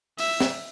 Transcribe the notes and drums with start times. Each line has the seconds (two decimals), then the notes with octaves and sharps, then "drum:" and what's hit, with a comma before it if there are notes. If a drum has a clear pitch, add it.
0.19 E5, drum: open hi-hat
0.40 drum: snare